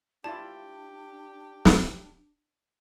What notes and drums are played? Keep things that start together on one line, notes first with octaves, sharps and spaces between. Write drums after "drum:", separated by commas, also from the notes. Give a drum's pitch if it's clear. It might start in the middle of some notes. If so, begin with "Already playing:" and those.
D4 E4 F4 G4 D5 A5
drum: snare